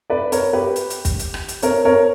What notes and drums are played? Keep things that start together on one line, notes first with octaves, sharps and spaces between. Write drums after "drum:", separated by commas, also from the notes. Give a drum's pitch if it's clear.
B4 D5
A#4 C#5, drum: hi-hat
G4 B4
drum: hi-hat
drum: hi-hat
drum: kick, hi-hat
drum: hi-hat
drum: rim click
drum: hi-hat
A#4 C#5, drum: hi-hat
A#4 C#5